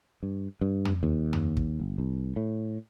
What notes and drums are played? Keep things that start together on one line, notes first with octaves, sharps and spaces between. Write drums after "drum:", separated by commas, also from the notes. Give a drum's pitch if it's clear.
G2
G2
drum: tom
D#2
drum: tom
drum: kick
G1
C2
A2